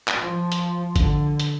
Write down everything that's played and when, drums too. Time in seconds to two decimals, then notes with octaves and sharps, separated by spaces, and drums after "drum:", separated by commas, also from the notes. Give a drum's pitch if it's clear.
0.08 drum: clap
0.18 F3
0.52 drum: hi-hat
0.96 D3, drum: kick G#1, hi-hat
1.40 drum: hi-hat